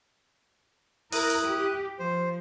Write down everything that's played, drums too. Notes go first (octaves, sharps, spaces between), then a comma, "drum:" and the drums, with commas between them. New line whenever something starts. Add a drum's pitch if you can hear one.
E4 A#4 D#6 F#6, drum: open hi-hat
drum: hi-hat
G4
F3 C5